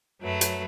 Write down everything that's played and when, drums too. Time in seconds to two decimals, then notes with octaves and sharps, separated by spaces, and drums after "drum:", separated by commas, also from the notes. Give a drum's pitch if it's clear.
0.21 F#2 F#3 A3 B4
0.41 drum: hi-hat